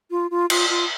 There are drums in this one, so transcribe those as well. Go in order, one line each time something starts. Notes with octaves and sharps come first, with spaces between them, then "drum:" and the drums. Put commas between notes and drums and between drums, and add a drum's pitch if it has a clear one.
F4
F4
F4, drum: cymbal
F4